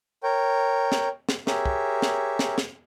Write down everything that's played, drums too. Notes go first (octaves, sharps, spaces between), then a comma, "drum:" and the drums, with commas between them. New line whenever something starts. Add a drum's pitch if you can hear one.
A#4 C#5 G5
drum: snare
drum: snare
G4 G#4 A#4 C#5 E5, drum: snare
drum: kick
drum: snare
drum: snare
drum: snare